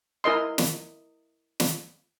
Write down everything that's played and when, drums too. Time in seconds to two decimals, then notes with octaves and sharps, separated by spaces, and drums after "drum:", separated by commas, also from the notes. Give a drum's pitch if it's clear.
0.24 E4 A#4 D#5 C6
0.58 drum: snare
1.60 drum: snare